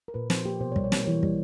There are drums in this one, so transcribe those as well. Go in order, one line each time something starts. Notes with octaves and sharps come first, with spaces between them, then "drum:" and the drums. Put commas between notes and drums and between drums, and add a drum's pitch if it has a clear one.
A#4
A#2 B4
F3 C5, drum: snare
A#3 G4
B2 C5
C#5
G3, drum: kick
C#5
A#3, drum: snare
E3 C#5
G3, drum: kick